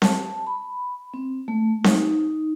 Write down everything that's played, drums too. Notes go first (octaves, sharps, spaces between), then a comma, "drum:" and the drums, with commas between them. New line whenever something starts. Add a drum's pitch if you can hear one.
A5, drum: snare C4
B5
C4
A3
D#4, drum: snare C4